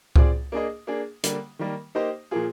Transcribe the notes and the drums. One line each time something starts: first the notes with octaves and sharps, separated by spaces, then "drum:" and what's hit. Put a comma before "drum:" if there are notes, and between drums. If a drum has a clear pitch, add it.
C4 F4 G#4 D5, drum: kick C#2
A#3 D4 G#4 D#5
A#3 D4 G#4
D3 G3 A#3, drum: hi-hat
D#3 G3 A#3
A#3 D#4 G4 C5 D#5
A#2 F3 A#3 F4 G#4